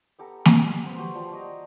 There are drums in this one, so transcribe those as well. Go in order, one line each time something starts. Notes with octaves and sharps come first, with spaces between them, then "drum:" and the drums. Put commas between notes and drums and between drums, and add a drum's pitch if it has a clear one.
B3 G4 A4 A#5
G4, drum: snare
B4 C5 F#5
F#4 G4
F3 G3 A5 C6
F#4 D5 D#5 A#5